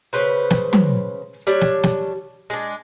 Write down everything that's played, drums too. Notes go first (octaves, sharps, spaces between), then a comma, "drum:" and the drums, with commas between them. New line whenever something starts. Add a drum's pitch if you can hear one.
C#3 B4 C5
drum: snare
drum: tom
G3 D4 C#5
drum: snare
drum: snare
G#3 D4